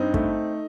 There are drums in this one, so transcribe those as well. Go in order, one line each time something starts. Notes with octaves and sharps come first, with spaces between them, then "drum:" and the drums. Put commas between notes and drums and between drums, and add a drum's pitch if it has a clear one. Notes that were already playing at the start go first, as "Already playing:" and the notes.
Already playing: G2 C4 D#4
A3, drum: kick